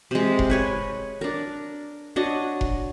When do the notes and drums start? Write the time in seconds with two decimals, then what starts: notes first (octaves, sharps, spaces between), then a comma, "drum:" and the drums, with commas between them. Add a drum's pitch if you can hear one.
0.11 C3 G#3
0.39 drum: kick F1
0.50 B4 C#5 G#5
1.21 D4 A#4
2.16 D4 F#4 C#5 D#5
2.61 drum: kick F1